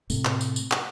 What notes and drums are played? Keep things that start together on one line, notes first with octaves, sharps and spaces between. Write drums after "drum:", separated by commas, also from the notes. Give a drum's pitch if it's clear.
A2 C3 A3, drum: tambourine
drum: clap
drum: tambourine
drum: tambourine
drum: clap